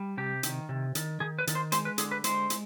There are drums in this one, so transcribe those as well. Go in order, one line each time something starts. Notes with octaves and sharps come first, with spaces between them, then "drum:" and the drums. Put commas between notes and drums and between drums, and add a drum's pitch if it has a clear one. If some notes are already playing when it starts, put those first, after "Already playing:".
Already playing: G3
C3 G4
D#3, drum: hi-hat
C3
D#3, drum: hi-hat
D#3 G#4
B4
D#3, drum: hi-hat
C5
G#3 C5, drum: hi-hat
B4
D3 G#4, drum: hi-hat
B4
G#3 C5, drum: hi-hat
drum: hi-hat